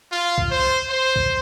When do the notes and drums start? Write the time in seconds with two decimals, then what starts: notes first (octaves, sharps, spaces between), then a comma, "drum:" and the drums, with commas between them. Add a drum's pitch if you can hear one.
0.12 F4
0.38 drum: kick C2
0.51 C5
0.89 C5
1.16 drum: kick C2